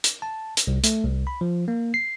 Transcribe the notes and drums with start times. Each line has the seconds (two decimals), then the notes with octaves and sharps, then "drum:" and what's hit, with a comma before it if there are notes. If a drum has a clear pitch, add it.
0.04 drum: hi-hat
0.22 A5
0.57 drum: hi-hat
0.67 C2
0.84 A3, drum: hi-hat
1.05 C2
1.27 B5
1.41 F3
1.68 A#3
1.94 C7